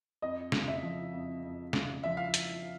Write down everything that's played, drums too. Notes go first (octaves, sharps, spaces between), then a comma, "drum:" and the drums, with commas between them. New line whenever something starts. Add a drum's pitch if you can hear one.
F2 D#5
C#3, drum: snare
E5
F3
F2
F2
C#3, drum: snare
F3 E5
F5
drum: hi-hat